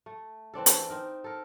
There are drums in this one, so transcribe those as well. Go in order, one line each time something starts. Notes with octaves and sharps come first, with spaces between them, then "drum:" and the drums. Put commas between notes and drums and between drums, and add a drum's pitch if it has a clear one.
A3
E3 C4 D4 A4
drum: hi-hat
C4 D#4 A#4
A4 A#4